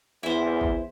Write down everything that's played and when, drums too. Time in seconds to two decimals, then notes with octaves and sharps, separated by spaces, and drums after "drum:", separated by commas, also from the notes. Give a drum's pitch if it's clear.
0.23 E2 E4 C5
0.61 drum: kick